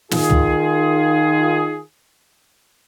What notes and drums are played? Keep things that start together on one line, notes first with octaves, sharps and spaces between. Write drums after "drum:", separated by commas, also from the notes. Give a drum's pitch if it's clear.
D#3 F4 G#4, drum: snare
drum: tom